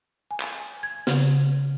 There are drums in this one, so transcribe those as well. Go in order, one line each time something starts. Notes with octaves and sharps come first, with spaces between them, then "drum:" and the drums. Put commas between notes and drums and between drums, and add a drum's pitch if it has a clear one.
G#5
drum: clap
G#6
C#3, drum: snare